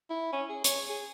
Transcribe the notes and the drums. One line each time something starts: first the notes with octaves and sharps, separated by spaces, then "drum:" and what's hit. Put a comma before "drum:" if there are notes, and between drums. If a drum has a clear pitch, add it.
E4
C#4
G#4
C#5, drum: hi-hat
G#4